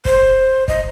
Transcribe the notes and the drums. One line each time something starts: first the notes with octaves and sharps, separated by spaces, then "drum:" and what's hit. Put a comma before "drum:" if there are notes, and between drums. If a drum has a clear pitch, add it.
C5, drum: kick
D#5, drum: kick